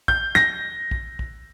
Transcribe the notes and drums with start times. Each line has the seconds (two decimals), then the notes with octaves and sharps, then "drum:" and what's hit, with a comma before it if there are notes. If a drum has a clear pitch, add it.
0.08 G6, drum: kick
0.35 A#6, drum: snare
0.91 drum: kick
1.19 drum: kick